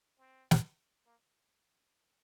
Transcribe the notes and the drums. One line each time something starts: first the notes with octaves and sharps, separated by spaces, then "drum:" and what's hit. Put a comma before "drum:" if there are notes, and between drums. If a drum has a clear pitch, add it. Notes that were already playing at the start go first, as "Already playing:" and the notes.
C4
drum: snare
A#3